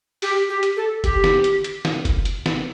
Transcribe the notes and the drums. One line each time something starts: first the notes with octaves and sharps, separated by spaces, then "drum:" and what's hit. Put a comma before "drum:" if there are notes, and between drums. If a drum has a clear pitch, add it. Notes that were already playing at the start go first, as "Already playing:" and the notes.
G4, drum: open hi-hat
G4
drum: hi-hat
A4
G4, drum: kick F1, hi-hat
drum: snare
drum: hi-hat
drum: hi-hat
drum: snare
drum: kick F1, hi-hat
drum: hi-hat
drum: snare